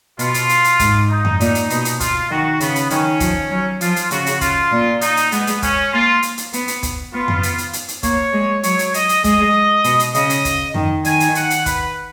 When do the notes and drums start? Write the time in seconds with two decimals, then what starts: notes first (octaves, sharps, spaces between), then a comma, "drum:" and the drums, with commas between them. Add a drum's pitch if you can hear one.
0.19 B2 F4, drum: hi-hat
0.34 drum: hi-hat
0.49 drum: hi-hat
0.64 drum: hi-hat
0.79 G#2, drum: kick, hi-hat
1.10 D#4
1.25 drum: tom F2
1.40 A#2, drum: hi-hat
1.55 drum: hi-hat
1.70 B2, drum: hi-hat
1.85 drum: hi-hat
2.00 F4, drum: kick, hi-hat
2.31 D#3 F#4
2.60 C#3 B3, drum: hi-hat
2.76 drum: hi-hat
2.90 D#3 C#4, drum: hi-hat
3.20 F3, drum: kick, hi-hat
3.50 F#3
3.81 F3 F4, drum: hi-hat
3.96 drum: hi-hat
4.11 C#3 F#4, drum: hi-hat
4.26 drum: hi-hat
4.41 F4, drum: kick, hi-hat
4.71 A#2
5.01 D#4, drum: hi-hat
5.17 drum: hi-hat
5.32 G#3 B3, drum: hi-hat
5.47 drum: hi-hat
5.62 C#4, drum: kick, hi-hat
5.93 A#3 F4
6.22 drum: hi-hat
6.38 drum: hi-hat
6.53 B3, drum: hi-hat
6.68 drum: hi-hat
6.83 drum: kick, hi-hat
7.13 B3 F4
7.28 drum: tom F2
7.43 drum: hi-hat
7.58 drum: hi-hat
7.73 drum: hi-hat
7.88 drum: hi-hat
8.03 A#3 C#5, drum: kick, hi-hat
8.33 G#3
8.63 F#3 C#5, drum: hi-hat
8.79 drum: hi-hat
8.94 D#5, drum: hi-hat
9.09 drum: hi-hat
9.24 G#3 D#5, drum: kick, hi-hat
9.84 B2, drum: hi-hat
10.00 drum: hi-hat
10.14 C#3 D#5, drum: hi-hat
10.30 drum: hi-hat
10.45 drum: kick, hi-hat
10.74 D#3, drum: tom F2
11.05 D#3 G#5, drum: hi-hat
11.20 drum: hi-hat
11.35 F#5, drum: hi-hat
11.50 drum: hi-hat
11.66 B4, drum: kick, hi-hat